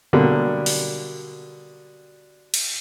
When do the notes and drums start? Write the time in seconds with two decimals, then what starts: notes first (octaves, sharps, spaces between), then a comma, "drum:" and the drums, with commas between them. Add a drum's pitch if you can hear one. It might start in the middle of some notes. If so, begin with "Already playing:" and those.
0.13 B2 D3 F#3 G3 A#3
0.66 drum: open hi-hat
2.54 drum: cymbal